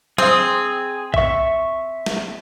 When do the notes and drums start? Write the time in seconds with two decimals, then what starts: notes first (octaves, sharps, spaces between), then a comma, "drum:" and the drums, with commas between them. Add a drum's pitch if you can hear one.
0.18 C4 G#4 D#6, drum: tom
1.14 E5 C#6, drum: kick
2.06 drum: snare